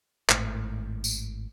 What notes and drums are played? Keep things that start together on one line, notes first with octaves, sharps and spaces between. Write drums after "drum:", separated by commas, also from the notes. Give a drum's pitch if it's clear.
G#1 A2, drum: clap
drum: tambourine